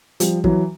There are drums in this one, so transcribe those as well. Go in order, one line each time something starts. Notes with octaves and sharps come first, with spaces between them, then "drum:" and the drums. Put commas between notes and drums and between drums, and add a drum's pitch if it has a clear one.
F3 G3, drum: hi-hat
E3 F#3, drum: kick